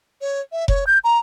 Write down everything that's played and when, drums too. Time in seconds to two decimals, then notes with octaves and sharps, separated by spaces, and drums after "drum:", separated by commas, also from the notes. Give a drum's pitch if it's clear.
0.21 C#5
0.52 E5
0.68 C#5, drum: kick F1
0.87 G6
1.04 A#5